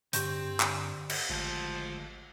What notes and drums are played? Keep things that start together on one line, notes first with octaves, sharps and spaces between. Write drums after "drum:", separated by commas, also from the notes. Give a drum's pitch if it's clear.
G2 D3 C4 G4 C#6 G6, drum: hi-hat
D3, drum: clap
drum: cymbal
G#1 D2 F3 G#3